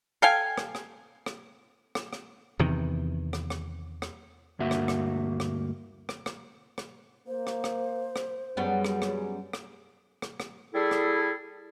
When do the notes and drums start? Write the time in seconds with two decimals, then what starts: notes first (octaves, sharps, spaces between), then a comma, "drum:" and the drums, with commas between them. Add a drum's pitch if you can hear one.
0.22 A4 F5 G5 G#5
0.57 drum: rim click
0.75 drum: rim click
1.26 drum: rim click
1.95 drum: rim click
2.13 drum: rim click
2.59 E2 C3 D#3
3.33 drum: rim click
3.50 drum: rim click
4.02 drum: rim click
4.59 D2 G2 A#3 F#4 E5
4.71 drum: rim click
4.88 drum: rim click
5.40 drum: rim click
6.09 drum: rim click
6.26 drum: rim click
6.78 drum: rim click
7.27 A#3 C5
7.47 drum: rim click
7.64 drum: rim click
8.16 drum: rim click
8.57 F#2 G3 B3 C#4 G#4
8.85 drum: rim click
9.02 drum: rim click
9.53 drum: rim click
10.22 drum: rim click
10.40 drum: rim click
10.74 G3 E4 G#4 A4
10.91 drum: rim click